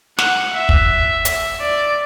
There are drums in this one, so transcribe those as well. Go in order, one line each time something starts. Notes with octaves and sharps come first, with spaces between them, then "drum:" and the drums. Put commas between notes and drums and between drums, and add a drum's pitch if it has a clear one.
F#5, drum: snare
E5
drum: kick
drum: hi-hat
D5